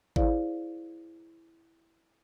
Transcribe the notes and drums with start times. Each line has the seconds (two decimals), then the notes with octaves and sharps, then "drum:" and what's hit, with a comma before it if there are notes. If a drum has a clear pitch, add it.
0.16 E4 G#4 C5 D5 F5, drum: kick G#1